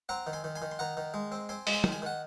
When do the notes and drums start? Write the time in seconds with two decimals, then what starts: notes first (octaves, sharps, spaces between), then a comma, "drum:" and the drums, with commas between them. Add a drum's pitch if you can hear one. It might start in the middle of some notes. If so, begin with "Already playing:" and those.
0.09 C4 F#5 A#5
0.27 D#3
0.33 G#5 C6
0.44 D#3
0.56 G#5 C6
0.62 D#3
0.71 C6
0.79 D#3 F#5 A#5
0.97 D#3
1.14 G#3
1.32 C4
1.49 C4 G#5 C6
1.67 G#3, drum: open hi-hat
1.73 G#5 C6
1.84 D#3, drum: tom
1.92 G#5
2.02 D#3 F#5